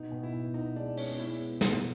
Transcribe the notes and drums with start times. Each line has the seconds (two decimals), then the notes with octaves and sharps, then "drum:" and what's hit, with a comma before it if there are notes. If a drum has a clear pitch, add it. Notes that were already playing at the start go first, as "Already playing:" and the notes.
Already playing: B2 D#4
0.11 B2
0.23 E4
0.33 B2
0.54 B2 D#4
0.76 G#3 D4
0.97 B3 C#4, drum: open hi-hat
1.19 G#3 E4
1.40 B3
1.61 B2, drum: snare